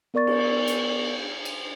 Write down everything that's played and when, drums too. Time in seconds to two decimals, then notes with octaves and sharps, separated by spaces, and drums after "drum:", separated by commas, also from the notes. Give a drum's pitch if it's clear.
0.14 B3 A#4 D5 C#6 A6
0.27 drum: cymbal
0.67 drum: hi-hat
1.45 drum: cymbal